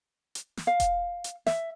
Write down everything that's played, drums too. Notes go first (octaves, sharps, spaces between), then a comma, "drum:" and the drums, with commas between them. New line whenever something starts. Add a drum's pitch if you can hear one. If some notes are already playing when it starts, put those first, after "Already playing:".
drum: hi-hat
drum: snare
F5
drum: kick E1, hi-hat
drum: hi-hat
E5, drum: snare